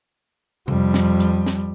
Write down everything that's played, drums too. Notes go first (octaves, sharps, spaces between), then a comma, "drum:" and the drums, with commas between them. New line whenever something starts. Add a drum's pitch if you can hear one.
F2 G3, drum: tom C3
drum: snare
drum: hi-hat
drum: snare